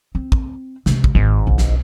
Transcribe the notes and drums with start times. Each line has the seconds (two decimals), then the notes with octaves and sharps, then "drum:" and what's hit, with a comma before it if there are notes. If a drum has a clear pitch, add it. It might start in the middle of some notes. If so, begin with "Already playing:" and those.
0.15 C4
0.32 drum: kick
0.86 C3 G#3, drum: snare
1.04 drum: kick
1.15 G#1 G#2 D#3
1.47 B1
1.58 drum: snare